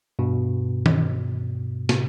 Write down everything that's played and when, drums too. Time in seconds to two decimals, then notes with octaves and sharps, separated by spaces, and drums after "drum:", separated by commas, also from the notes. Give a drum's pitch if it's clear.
0.19 G2 B2
0.86 drum: tom D#3
1.89 A2 C3, drum: snare